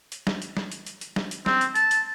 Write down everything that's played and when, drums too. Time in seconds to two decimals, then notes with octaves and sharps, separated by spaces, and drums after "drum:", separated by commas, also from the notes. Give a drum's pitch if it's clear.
0.12 drum: hi-hat
0.27 drum: snare
0.42 drum: hi-hat
0.57 drum: snare
0.72 drum: hi-hat
0.86 drum: hi-hat
1.01 drum: hi-hat
1.16 drum: snare
1.31 drum: hi-hat
1.46 C4, drum: snare
1.61 drum: hi-hat
1.75 A5, drum: hi-hat
1.91 drum: hi-hat